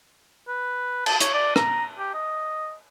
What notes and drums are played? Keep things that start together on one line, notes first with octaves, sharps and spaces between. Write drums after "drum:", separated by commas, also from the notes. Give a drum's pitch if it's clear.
B4
A5, drum: cymbal
C#5, drum: hi-hat
D5
A#5, drum: rim click
G4
D#5